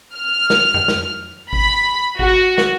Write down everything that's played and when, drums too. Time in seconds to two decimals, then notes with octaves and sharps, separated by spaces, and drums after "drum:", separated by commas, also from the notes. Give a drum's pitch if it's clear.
0.16 F6
0.50 drum: snare
0.74 drum: tom F2
0.88 drum: snare
1.53 B5, drum: kick G#1
2.19 F#4, drum: kick G#1
2.58 drum: snare